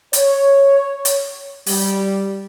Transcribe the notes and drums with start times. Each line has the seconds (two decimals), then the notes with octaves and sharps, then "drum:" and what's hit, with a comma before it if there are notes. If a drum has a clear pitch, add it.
0.13 C#5, drum: hi-hat
1.05 drum: hi-hat
1.66 G3, drum: open hi-hat